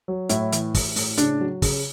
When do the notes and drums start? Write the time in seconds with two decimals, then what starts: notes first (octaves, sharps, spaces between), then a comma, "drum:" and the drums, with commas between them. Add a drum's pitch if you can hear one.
0.08 F#3
0.29 A2 E4, drum: hi-hat
0.52 E3, drum: hi-hat
0.74 A2, drum: kick, open hi-hat
0.96 A2, drum: open hi-hat
1.18 C#3 D4, drum: hi-hat
1.40 F#3
1.62 C#3, drum: kick, open hi-hat